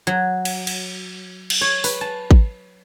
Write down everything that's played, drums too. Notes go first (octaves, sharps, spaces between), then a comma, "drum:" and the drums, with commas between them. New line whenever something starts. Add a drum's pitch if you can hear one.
F#3
drum: cymbal
drum: cymbal
drum: cymbal
C#5
B4, drum: open hi-hat
A5
drum: kick